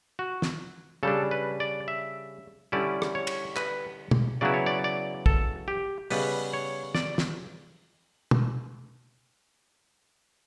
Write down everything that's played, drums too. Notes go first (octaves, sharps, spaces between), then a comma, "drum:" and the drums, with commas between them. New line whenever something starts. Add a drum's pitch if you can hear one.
F#4
drum: snare
C#3 G3 D4 A4
B4
D5
E5
D3 G3 C#4 E4 D5
drum: rim click
C#5
drum: cymbal
B4, drum: clap
drum: tom
C#3 F#3 B3 E4 D5
C#5
D5
D5
A4, drum: kick
G4
C#3 G3 B3 B4, drum: open hi-hat
C#5
D5, drum: snare
drum: snare
drum: tom